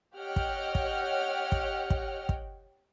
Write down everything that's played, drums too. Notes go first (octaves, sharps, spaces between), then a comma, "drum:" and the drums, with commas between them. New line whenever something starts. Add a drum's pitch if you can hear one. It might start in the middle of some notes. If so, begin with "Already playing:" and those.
G4 C#5 D#5 F#5 G5 F6
drum: kick
drum: kick
drum: kick
drum: kick
drum: kick